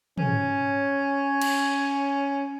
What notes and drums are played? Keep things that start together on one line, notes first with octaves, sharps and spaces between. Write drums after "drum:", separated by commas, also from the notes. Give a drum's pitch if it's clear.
C#4, drum: tom
drum: cymbal